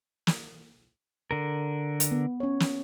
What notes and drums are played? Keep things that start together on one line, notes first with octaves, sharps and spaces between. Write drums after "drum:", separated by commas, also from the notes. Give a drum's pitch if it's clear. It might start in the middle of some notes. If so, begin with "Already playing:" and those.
drum: snare
D3 A#4
drum: hi-hat
B3
C#4 C#5
drum: snare